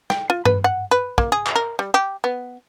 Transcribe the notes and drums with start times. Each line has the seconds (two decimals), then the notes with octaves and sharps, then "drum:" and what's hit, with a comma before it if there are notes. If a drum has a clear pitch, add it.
0.10 G5, drum: snare
0.30 F4
0.45 B4, drum: tom G2
0.64 F#5
0.91 B4
1.18 A#3, drum: kick
1.32 G#4
1.46 drum: clap
1.56 A#4
1.79 G3
1.94 G4
2.24 B3